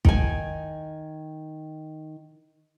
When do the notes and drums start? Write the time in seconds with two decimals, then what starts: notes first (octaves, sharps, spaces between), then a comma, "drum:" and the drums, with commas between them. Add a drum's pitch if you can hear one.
0.05 D#3 G#5, drum: kick